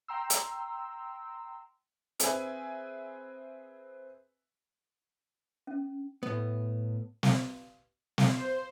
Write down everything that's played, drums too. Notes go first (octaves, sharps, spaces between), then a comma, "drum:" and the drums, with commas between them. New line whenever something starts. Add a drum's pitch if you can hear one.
G5 A#5 C6 E6
drum: hi-hat
C4 G#4 B4 E5 G#5, drum: hi-hat
C#4
A2 B3
drum: snare
C5, drum: snare